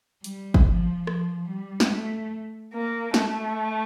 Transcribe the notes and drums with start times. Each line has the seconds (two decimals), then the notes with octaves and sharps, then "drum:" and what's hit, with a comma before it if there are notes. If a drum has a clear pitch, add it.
0.24 G3, drum: hi-hat
0.54 drum: kick
0.67 F3
1.07 F3, drum: rim click
1.48 G3
1.80 drum: snare
1.90 A3
2.73 A#3
3.14 A3, drum: snare